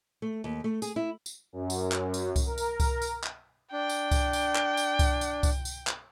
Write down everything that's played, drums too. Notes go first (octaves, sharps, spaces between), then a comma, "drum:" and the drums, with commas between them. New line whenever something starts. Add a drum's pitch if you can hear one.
A3
D#2
A3
G#4, drum: tambourine
E4
drum: tambourine
F#2
drum: tambourine
drum: clap
drum: tambourine
drum: kick C2, tambourine
A#4
drum: tambourine
drum: kick C2, tambourine
drum: tambourine
drum: clap
D4 G5
drum: tambourine
drum: kick C2, tambourine
drum: tambourine
drum: clap
drum: tambourine
drum: kick C2, tambourine
drum: tambourine
drum: kick C2, tambourine
drum: tambourine
drum: clap